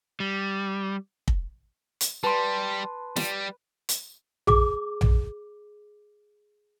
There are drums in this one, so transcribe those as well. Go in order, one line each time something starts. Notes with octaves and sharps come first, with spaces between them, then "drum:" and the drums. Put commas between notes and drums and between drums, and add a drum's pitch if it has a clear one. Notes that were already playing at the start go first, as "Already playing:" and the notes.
G3
drum: kick
drum: hi-hat
G3 B4 A5 C6
G3, drum: snare
drum: hi-hat
G#4 D6, drum: tom A#1
drum: tom A#1